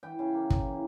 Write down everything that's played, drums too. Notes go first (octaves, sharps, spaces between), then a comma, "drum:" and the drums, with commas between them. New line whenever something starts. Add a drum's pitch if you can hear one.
E3 G5
C#3
A#3
A#3, drum: kick
E3